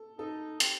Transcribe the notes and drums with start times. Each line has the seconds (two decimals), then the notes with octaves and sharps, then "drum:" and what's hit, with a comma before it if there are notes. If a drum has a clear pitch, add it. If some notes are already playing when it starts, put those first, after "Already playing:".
Already playing: A4
0.18 D#4 A4
0.60 C4 G4, drum: hi-hat